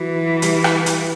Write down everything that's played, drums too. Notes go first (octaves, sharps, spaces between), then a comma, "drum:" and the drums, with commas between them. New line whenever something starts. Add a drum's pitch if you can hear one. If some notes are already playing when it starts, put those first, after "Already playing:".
Already playing: E3 F#3
G3, drum: hi-hat
drum: rim click
drum: hi-hat